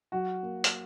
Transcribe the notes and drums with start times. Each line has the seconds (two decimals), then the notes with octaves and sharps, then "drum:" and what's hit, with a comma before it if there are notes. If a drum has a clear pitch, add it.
0.12 F#3 F#4
0.43 A#3
0.64 drum: hi-hat